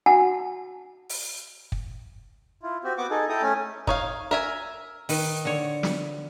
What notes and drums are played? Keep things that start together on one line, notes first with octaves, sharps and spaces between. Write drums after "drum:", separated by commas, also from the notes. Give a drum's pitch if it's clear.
F#4 F#5 G#5 A5
drum: open hi-hat
drum: kick
E4 F4
C4 F#4 G4
B3 F#4 F#5 C#6 D6
D#4 G#4 A4
E4 A4 G5 A#5 D#6
A3 C#4 G#5
D#4 C#5 F5, drum: kick
A#4 E5 G#5
D#3 B4, drum: open hi-hat
D3 C#5
drum: snare